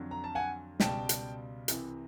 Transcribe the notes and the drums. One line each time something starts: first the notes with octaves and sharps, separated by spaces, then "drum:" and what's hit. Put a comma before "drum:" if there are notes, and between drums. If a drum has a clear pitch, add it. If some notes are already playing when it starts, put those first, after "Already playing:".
Already playing: F2 D3 F#3
A#5
A5
F#5 G#5
C#2 B2 G3 G5 A5, drum: snare
drum: hi-hat
C2 C3 E3, drum: hi-hat